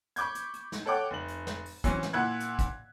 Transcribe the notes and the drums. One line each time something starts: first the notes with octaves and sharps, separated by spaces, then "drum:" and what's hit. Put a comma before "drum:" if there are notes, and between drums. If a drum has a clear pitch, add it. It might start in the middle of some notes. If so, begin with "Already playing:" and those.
B5 C#6 D6 G6 G#6, drum: hi-hat
drum: hi-hat
drum: hi-hat
drum: snare
A4 C#5 F#5 G5 D6
F1 F#7
drum: hi-hat
drum: snare
drum: open hi-hat
E3 F#3 C4 C#4, drum: kick, hi-hat
drum: snare
A#2 E4 F#5 F#6 G#6
drum: hi-hat
drum: kick, hi-hat